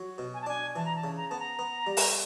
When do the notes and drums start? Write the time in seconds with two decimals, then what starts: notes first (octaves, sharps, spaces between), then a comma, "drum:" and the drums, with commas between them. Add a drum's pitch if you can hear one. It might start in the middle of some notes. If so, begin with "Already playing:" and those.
Already playing: F#3
0.18 B2
0.34 G#5
0.41 A5
0.46 D4 G#5
0.75 E3 A5
0.85 A#5
0.96 A5
1.04 C#3
1.16 A#5
1.29 B3 A5
1.39 A#5
1.59 B3
1.87 G3
1.97 drum: open hi-hat